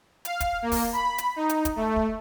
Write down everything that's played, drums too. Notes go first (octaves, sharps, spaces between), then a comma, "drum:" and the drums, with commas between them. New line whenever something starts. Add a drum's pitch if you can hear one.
F5, drum: hi-hat
drum: kick, hi-hat
A#3
drum: kick, open hi-hat
B5
drum: hi-hat
D#4
drum: hi-hat
drum: kick, hi-hat
A3
drum: kick